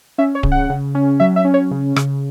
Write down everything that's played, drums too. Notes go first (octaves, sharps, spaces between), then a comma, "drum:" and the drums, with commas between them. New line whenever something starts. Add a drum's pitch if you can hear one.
C#4 E5
C#5
C#3, drum: kick D1
F#5
C#3
C#4
F#3 E5
E5
C#4
C#5
C#3
C#3, drum: rim click